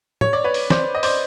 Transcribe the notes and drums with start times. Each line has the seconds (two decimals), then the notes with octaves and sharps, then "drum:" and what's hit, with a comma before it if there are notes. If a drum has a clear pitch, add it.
0.21 C#5, drum: tom A2
0.33 D5
0.44 B4 C#5
0.54 drum: open hi-hat
0.70 C5 D5, drum: snare
0.95 D#5
1.03 C5 D5, drum: open hi-hat